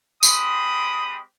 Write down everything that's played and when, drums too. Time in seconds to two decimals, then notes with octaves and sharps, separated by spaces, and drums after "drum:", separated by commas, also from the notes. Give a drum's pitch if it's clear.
0.23 G#3 C4 G4 B5 D#6, drum: tambourine